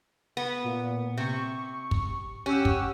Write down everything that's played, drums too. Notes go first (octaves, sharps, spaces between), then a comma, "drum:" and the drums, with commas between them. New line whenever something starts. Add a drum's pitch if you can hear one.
B3
A#2
C3 C#6
drum: kick
C#4 G4 F#5 E6
drum: kick